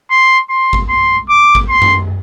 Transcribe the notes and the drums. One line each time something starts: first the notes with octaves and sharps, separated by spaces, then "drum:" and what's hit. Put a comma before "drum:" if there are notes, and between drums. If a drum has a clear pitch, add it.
C6
C6
drum: kick G#1
C6
D6
drum: kick G#1
C6
drum: tom F#2